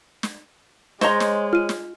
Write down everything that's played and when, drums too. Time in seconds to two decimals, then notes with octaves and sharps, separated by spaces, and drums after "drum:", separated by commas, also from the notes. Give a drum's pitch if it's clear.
0.23 drum: snare
1.01 G#3 C5 C#5 D#5 A#5 C6, drum: snare
1.20 drum: snare
1.53 F4 F6 D#7
1.69 drum: snare